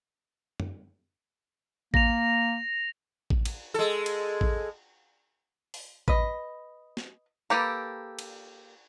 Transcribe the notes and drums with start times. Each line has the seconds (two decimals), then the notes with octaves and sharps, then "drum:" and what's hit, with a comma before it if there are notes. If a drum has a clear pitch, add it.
0.60 drum: tom
1.94 A#3 A#6 F7, drum: kick A1
3.30 drum: kick A1
3.45 drum: cymbal
3.74 G#3 A4
4.06 drum: cymbal
4.41 drum: kick A1
5.74 drum: open hi-hat
6.08 B4 D#5, drum: kick A1
6.97 drum: snare
7.50 A#3 G4 A4 B4 A#5
8.19 drum: cymbal